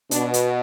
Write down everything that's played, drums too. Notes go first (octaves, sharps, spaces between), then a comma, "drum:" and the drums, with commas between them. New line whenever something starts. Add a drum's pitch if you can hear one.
B2 D4, drum: hi-hat
drum: hi-hat